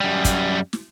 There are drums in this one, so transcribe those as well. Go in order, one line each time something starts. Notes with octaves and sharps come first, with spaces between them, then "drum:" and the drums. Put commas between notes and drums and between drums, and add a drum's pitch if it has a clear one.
F#2 G3
drum: kick, hi-hat
drum: snare